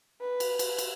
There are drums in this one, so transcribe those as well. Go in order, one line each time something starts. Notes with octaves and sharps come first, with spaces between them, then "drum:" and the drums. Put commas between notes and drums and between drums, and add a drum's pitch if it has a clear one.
B4
drum: cymbal
drum: cymbal
drum: cymbal